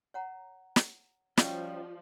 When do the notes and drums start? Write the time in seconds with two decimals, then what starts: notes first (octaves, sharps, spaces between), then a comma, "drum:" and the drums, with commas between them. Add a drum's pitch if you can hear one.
0.14 C#5 F#5 A#5
0.76 drum: snare
1.37 F3 G3 C#4 F4 F#4 D#5 C#6, drum: snare